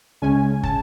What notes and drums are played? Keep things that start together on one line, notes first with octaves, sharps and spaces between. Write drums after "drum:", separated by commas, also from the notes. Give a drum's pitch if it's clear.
C#2 C#3 G#3 C#4 G#5
A5, drum: kick